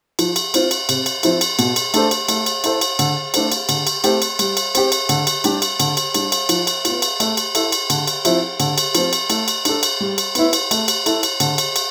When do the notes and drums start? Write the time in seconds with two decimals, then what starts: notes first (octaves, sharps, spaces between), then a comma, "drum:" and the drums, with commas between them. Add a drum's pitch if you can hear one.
0.19 F3, drum: cymbal
0.36 drum: cymbal
0.54 C4 F4 C5, drum: cymbal
0.71 drum: cymbal
0.89 C3, drum: cymbal
1.06 drum: cymbal
1.23 F3 C4 E4, drum: cymbal
1.41 drum: cymbal
1.59 B2, drum: cymbal
1.76 drum: cymbal
1.94 A3 D4 A4 C5, drum: cymbal
2.11 drum: cymbal
2.28 A3, drum: cymbal
2.46 drum: cymbal
2.64 E4 A4 C5, drum: cymbal
2.81 drum: cymbal
2.99 D3, drum: cymbal
3.34 A3 D4 A4 C5, drum: cymbal
3.52 drum: cymbal
3.69 D3, drum: cymbal
3.87 drum: cymbal
4.04 A3 C4 G4 C5, drum: cymbal
4.22 drum: cymbal
4.39 G3, drum: cymbal
4.57 drum: cymbal
4.75 C4 G4, drum: cymbal
4.92 drum: cymbal
5.09 D3, drum: cymbal
5.27 drum: cymbal
5.44 G3 D4 G4, drum: cymbal
5.62 drum: cymbal
5.80 D3, drum: cymbal
5.97 drum: cymbal
6.14 G3 D4, drum: cymbal
6.32 drum: cymbal
6.49 F3, drum: cymbal
6.67 drum: cymbal
6.85 B3 F4, drum: cymbal
7.02 drum: cymbal
7.20 A3, drum: cymbal
7.37 drum: cymbal
7.55 E4 A4, drum: cymbal
7.72 drum: cymbal
7.90 D3, drum: cymbal
8.07 drum: cymbal
8.25 F3 C4 E4, drum: cymbal
8.60 D3, drum: cymbal
8.78 drum: cymbal
8.95 F3 C4 F4, drum: cymbal
9.13 drum: cymbal
9.30 A3, drum: cymbal
9.48 drum: cymbal
9.65 D4 A4, drum: cymbal
9.83 drum: cymbal
10.00 G3
10.18 drum: cymbal
10.35 B3 E4, drum: cymbal
10.53 drum: cymbal
10.71 A3, drum: cymbal
10.88 drum: cymbal
11.06 E4 A4, drum: cymbal
11.23 drum: cymbal
11.40 D3, drum: cymbal
11.58 drum: cymbal
11.76 drum: cymbal